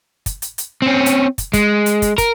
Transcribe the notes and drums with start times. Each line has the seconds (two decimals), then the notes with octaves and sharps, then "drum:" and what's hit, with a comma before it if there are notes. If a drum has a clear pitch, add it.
0.26 drum: kick, hi-hat
0.42 drum: hi-hat
0.58 drum: hi-hat
0.82 C4 C#4
1.06 drum: hi-hat
1.38 drum: kick, hi-hat
1.53 G#3, drum: kick, hi-hat
1.86 drum: hi-hat
2.02 drum: kick, hi-hat
2.18 A#4, drum: kick, hi-hat